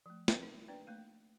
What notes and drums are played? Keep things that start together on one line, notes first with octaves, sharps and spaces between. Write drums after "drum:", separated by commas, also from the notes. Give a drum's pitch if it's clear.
F3 A3
C4 A#4 B4 D5 D#5 F#5, drum: snare
D#4
D4 B4 D5 G5
A3 A#3 F5